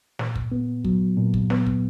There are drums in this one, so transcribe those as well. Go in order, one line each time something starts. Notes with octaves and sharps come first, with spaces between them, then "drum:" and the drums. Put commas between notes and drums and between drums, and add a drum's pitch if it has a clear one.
A#2, drum: snare
drum: kick
B3
F#3, drum: kick
A#2
drum: kick
B3, drum: snare
drum: kick